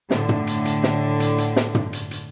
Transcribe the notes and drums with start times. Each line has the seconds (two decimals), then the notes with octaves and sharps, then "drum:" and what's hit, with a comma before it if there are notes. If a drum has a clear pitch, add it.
0.11 A2 D3, drum: snare
0.29 drum: tom
0.47 drum: hi-hat
0.65 drum: hi-hat
0.84 drum: snare
1.20 drum: hi-hat
1.38 drum: hi-hat
1.56 drum: snare
1.75 drum: tom
1.93 drum: hi-hat
2.11 drum: hi-hat